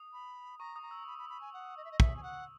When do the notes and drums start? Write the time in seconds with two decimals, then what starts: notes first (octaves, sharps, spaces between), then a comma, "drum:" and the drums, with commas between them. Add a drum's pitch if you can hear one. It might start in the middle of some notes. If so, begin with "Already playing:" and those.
Already playing: D#6
0.13 B5
0.59 A#5 C#6
0.76 D#6
0.83 A#5
0.91 E6
1.07 B5
1.18 B5
1.29 B5
1.41 G#5
1.54 F#5
1.77 D#5
1.85 E5
1.92 D#5
2.00 E5 E6, drum: kick
2.16 G#5
2.23 F#5